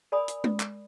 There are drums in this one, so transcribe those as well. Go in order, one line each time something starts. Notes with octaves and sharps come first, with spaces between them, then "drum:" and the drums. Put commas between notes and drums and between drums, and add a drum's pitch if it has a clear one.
A#4 D5 G#5 B5 D#6
drum: hi-hat
drum: tom G#3
drum: clap